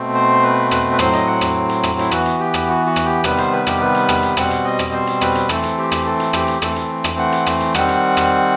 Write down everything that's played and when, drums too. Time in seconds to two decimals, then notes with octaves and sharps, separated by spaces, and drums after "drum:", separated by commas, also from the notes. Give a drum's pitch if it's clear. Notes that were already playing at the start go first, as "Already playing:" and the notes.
Already playing: B2 A3 C4
0.14 C5
0.43 B4
0.71 B4, drum: rim click
0.93 B4
0.99 A2 F#3 C4 C5, drum: rim click
1.13 D#5, drum: hi-hat
1.27 F#5
1.41 drum: rim click
1.69 drum: hi-hat
1.83 drum: rim click
1.99 E4, drum: hi-hat
2.11 E3 B3 F#4, drum: rim click
2.26 drum: hi-hat
2.40 G4
2.54 drum: rim click
2.68 F#4
2.86 F#4
2.96 drum: rim click
3.05 G4
3.24 C3 D#3 G3 B3 B4, drum: rim click
3.38 C5, drum: hi-hat
3.52 B4
3.67 G4, drum: rim click
3.81 B4
3.95 drum: hi-hat
4.09 drum: rim click
4.23 drum: hi-hat
4.37 B2 G3 C4 F#5, drum: rim click
4.51 drum: hi-hat
4.65 D#5
4.79 drum: rim click
4.93 C5
5.07 drum: hi-hat
5.21 B4, drum: rim click
5.35 drum: hi-hat
5.49 E3 A3 C4 A4, drum: rim click
5.63 drum: hi-hat
5.77 G4
5.92 drum: rim click
6.06 A4
6.20 drum: hi-hat
6.33 G4, drum: rim click
6.48 drum: hi-hat
6.62 E3 A3 C4 A4, drum: rim click
6.76 drum: hi-hat
7.04 drum: rim click
7.18 F#5
7.32 drum: hi-hat
7.46 drum: rim click
7.60 drum: hi-hat
7.74 D#3 G3 C4 F#5, drum: rim click
7.89 drum: hi-hat
8.17 drum: rim click